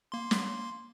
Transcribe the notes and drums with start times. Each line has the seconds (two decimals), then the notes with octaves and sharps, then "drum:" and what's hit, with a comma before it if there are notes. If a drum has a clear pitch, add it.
0.12 A#3 C6
0.31 drum: snare